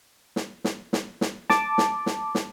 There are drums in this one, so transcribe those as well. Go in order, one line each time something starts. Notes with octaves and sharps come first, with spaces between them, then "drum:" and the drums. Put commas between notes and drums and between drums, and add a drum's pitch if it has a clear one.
drum: snare
drum: snare
drum: snare
drum: snare
A5 D6, drum: snare
drum: snare
drum: snare
drum: snare